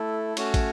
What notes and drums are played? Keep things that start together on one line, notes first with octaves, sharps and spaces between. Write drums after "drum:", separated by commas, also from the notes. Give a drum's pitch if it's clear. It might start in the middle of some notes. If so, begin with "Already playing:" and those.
Already playing: A3 E4 A4
A3 C#4 F#4 C#5, drum: cymbal
drum: kick, cymbal